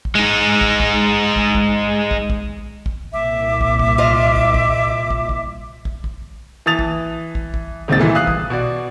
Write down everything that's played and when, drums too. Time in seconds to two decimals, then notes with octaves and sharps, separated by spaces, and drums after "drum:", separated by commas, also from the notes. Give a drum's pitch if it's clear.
0.05 drum: kick
0.15 G#3 D#4
0.61 drum: kick
0.80 drum: kick
1.36 drum: kick
1.55 drum: kick
2.11 drum: kick
2.30 drum: kick
2.86 drum: kick
3.13 C2 A#2 E5 D6
3.61 drum: kick
3.79 drum: kick
3.98 F4 D#5
4.36 drum: kick
4.54 drum: kick
5.10 drum: kick
5.29 drum: kick
5.85 drum: kick
6.04 drum: kick
6.66 E3 A5 D#6 A6 F7
6.79 drum: kick
7.35 drum: kick
7.54 drum: kick
7.88 D#1 C#2 G#2 C4 D#4 A6
7.99 C2 A#2 E3 G3 A3
8.15 F5 D#6 F#6 C7
8.27 D#6, drum: kick
8.50 B2 F#4 D5